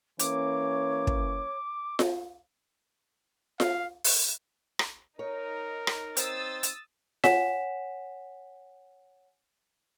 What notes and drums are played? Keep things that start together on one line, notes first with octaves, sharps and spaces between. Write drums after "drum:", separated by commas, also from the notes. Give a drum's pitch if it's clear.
E3 A#3 C#4 C#5 D6, drum: hi-hat
drum: kick
drum: snare F4
F5, drum: snare F4
drum: open hi-hat
drum: rim click
D#4 A#4 C#5
drum: rim click
C4 D#4 C5 D#6 E6 A6, drum: hi-hat
drum: hi-hat
C#5 F#5 G#5 B6 E7, drum: snare F4